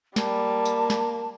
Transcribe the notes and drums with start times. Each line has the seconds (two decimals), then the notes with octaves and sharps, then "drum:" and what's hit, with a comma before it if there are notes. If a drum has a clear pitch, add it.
0.16 G3 A#3 A5, drum: snare
0.65 drum: tambourine
0.90 drum: snare